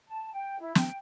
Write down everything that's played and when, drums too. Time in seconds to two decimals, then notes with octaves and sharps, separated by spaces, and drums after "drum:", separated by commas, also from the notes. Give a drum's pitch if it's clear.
0.07 A5
0.32 G5
0.59 E4
0.75 G5, drum: snare